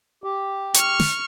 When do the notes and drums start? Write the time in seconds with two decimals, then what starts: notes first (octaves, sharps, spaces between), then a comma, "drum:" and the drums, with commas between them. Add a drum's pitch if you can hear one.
0.24 G4
0.74 C#6 F6, drum: hi-hat
1.00 drum: snare